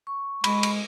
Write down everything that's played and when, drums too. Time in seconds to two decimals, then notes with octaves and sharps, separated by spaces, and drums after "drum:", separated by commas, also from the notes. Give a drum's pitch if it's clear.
0.07 C#6
0.44 G#3 B5, drum: cymbal
0.63 drum: cymbal